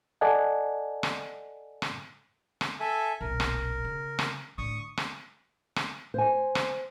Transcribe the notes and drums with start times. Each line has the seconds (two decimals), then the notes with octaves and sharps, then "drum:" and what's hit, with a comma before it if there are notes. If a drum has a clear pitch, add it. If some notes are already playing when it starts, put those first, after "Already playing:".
0.21 A4 D5 D#5 F#5 G#5 A5
1.03 drum: rim click
1.82 drum: rim click
2.61 drum: rim click
2.80 A4 E5 G#5
3.21 D#1 B1 A#4
3.40 drum: rim click
3.84 C#3
4.19 drum: rim click
4.58 A2 D3 C#6 D#6
4.97 drum: rim click
5.76 drum: rim click
6.14 C5 G#5
6.55 drum: rim click